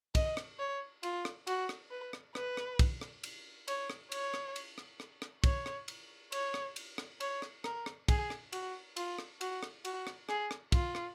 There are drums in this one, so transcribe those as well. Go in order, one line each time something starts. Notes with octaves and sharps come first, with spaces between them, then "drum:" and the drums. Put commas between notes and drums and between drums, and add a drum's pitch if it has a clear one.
D#5, drum: kick, cymbal
drum: rim click
C#5
F4, drum: cymbal
drum: rim click
F#4, drum: cymbal
drum: rim click
B4
drum: rim click
B4, drum: rim click
drum: rim click
drum: kick, cymbal
drum: rim click
drum: cymbal
C#5, drum: cymbal
drum: rim click
C#5, drum: cymbal
drum: rim click
drum: cymbal
drum: rim click
drum: rim click
drum: rim click
C#5, drum: kick, cymbal
drum: rim click
drum: cymbal
C#5, drum: cymbal
drum: rim click
drum: cymbal
drum: rim click
C#5, drum: cymbal
drum: rim click
A#4, drum: rim click
drum: rim click
G#4, drum: kick, cymbal
drum: rim click
F#4, drum: cymbal
F4, drum: cymbal
drum: rim click
F#4, drum: cymbal
drum: rim click
F#4, drum: cymbal
drum: rim click
G#4, drum: rim click
drum: rim click
F4, drum: kick, cymbal
drum: rim click